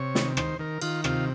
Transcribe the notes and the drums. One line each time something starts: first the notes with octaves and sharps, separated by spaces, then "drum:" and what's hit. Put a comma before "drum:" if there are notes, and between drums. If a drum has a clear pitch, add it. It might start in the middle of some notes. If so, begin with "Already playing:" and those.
Already playing: C3 C#5
D#3, drum: snare
D#3 C5, drum: rim click
D#3 A#4
D#3 F4, drum: cymbal
C3 F4, drum: rim click